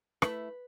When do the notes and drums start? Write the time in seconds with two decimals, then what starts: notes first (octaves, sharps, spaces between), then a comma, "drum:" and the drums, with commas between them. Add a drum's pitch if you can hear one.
0.22 A3 E4 B4, drum: rim click